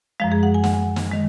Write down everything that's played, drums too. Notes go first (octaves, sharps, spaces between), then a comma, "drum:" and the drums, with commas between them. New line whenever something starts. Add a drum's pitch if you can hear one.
F#2 F3 G#3 F5
G#4
F#5
G#5
F#5, drum: snare
G#5
drum: snare
D#3 G#3